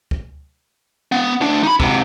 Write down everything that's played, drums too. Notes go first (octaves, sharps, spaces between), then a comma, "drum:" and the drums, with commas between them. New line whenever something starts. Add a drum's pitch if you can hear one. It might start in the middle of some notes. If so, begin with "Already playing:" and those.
drum: kick
B3
D2 D4
D#4 B5
G#2 C3, drum: kick